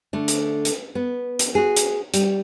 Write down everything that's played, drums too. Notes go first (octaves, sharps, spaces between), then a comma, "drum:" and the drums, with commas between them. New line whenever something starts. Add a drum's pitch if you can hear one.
D3 A3
drum: hi-hat
drum: hi-hat
B3
drum: hi-hat
F#4 G#4
drum: hi-hat
G3, drum: hi-hat